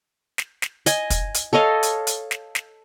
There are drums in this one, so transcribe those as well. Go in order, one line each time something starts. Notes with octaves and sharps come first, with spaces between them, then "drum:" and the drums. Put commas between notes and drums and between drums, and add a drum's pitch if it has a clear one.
drum: snare
drum: snare
D#5 G#5, drum: hi-hat
drum: kick, hi-hat
drum: hi-hat
A4 C#5 D#5 F5
drum: hi-hat
drum: hi-hat
drum: snare
drum: snare